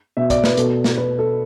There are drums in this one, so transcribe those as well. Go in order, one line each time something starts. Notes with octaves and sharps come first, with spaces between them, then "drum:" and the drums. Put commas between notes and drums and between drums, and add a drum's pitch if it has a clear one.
B2 E5
D5, drum: kick, hi-hat
B4, drum: snare
B2 A4, drum: hi-hat
drum: snare
B2 B4
A4